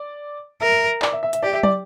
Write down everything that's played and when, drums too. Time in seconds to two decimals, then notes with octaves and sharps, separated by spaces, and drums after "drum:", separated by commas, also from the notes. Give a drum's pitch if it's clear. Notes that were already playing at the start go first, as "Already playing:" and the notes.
Already playing: D5
0.61 A#4 E5
1.02 D5, drum: clap
1.13 E5
1.23 E5
1.33 E5, drum: hi-hat
1.43 G4 D5
1.53 E5
1.63 D5, drum: tom